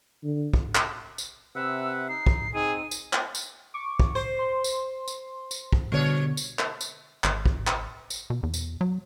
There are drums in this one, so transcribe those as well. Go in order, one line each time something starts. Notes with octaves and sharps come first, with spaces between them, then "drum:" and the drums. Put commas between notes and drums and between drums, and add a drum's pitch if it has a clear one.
D3
drum: kick
drum: clap
drum: tambourine
C3 B4 E5 F#5 E6
D#4 C7
drum: kick
C4 D#4 G#4 D#7
drum: tambourine
drum: clap
drum: tambourine
C#6 D6
drum: kick
C5
C6
drum: tambourine
drum: tambourine
drum: tambourine
drum: kick
B2 D3 G3 C#5
drum: tambourine
drum: clap
drum: tambourine
G#1, drum: clap
drum: kick
drum: clap
drum: tambourine
B2
E2
drum: tambourine
F#3